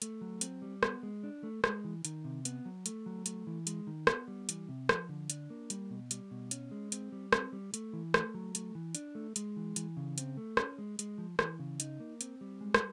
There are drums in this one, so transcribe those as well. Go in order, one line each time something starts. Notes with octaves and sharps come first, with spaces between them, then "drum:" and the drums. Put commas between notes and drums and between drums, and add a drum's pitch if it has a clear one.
A3, drum: hi-hat
F#3
C4, drum: hi-hat
G3
B3, drum: rim click
G#3
D4
A3
G#3, drum: rim click
E3
D#3, drum: hi-hat
C3
B3, drum: hi-hat
F#3
A3, drum: hi-hat
F#3
A3, drum: hi-hat
E3
G#3, drum: hi-hat
D#3
B3, drum: rim click
G3
E3, drum: hi-hat
C3
F3, drum: rim click
D3
D4, drum: hi-hat
A#3
G3, drum: hi-hat
B2
G3, drum: hi-hat
B2
C#4, drum: hi-hat
G#3
C4, drum: hi-hat
G3
C4, drum: rim click
G3
A3, drum: hi-hat
E3
A3, drum: rim click
F#3
A3, drum: hi-hat
E3
D4, drum: hi-hat
A3
G#3, drum: hi-hat
E3
E3, drum: hi-hat
C#3
C4, drum: hi-hat
A3
C#4, drum: rim click
G#3
G#3, drum: hi-hat
F3
E3, drum: rim click
C#3
D#4, drum: hi-hat
A#3
C4, drum: hi-hat
G3
G#3
drum: rim click